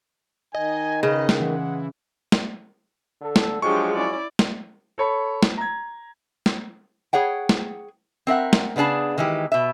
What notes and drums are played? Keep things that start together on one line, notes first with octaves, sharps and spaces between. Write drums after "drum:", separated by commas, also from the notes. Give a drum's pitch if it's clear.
D#3 D#5 G#5
C#3 D#4 B4 D#5
drum: snare
E3 G#3 F#5
drum: snare
D3 A4
drum: snare
F3 F#3 G#3 D4 G4 G#4 C#6
C#4 E4 D5
drum: snare
A4 C#5 B5
drum: snare
A#5 G#6
drum: snare
G#4 C#5 F#5 G5
drum: snare
C4 A#4 E5 F#5
drum: snare
C#3 B3 D4 G#4 A5
D#3 E3 G#3 G4
B2 E5